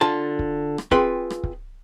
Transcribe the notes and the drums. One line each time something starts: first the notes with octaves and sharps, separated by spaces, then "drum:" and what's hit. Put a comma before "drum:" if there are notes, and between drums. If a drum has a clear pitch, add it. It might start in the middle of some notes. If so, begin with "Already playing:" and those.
D3 F4 A5
drum: kick
drum: rim click
C4 F4 G#4 B4 G5 C6, drum: kick
drum: rim click
drum: kick